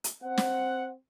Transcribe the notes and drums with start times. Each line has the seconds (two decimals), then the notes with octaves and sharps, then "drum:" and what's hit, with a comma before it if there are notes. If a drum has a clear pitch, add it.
0.04 drum: hi-hat
0.23 C4 F#5
0.38 drum: snare